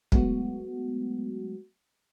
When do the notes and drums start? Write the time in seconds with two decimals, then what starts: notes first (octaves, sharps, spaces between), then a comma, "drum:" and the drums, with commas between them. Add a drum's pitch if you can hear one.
0.12 F#3 G#3 A3 B3 F#4, drum: kick